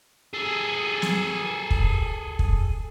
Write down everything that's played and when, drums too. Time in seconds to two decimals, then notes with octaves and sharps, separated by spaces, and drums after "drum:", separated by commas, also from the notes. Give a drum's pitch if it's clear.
0.33 G#4 A4
1.02 drum: snare
1.71 drum: kick
2.39 drum: kick